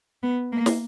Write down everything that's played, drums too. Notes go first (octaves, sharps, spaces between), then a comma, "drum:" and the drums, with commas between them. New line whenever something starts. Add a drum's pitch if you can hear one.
B3
A#3
drum: snare